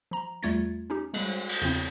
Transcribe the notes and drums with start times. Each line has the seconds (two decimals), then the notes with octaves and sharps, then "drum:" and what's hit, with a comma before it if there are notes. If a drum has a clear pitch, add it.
0.11 F3 A#5
0.43 E2 G3 A3 F4 G#6 A6, drum: hi-hat
0.90 C#4 D#4 G4
1.14 G3 G#3, drum: cymbal
1.49 drum: cymbal
1.62 E2 C#3 F3 C4 E4